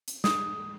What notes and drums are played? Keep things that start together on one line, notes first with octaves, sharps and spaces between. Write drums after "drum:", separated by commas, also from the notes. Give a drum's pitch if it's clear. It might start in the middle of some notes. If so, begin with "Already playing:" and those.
drum: hi-hat
D#6, drum: snare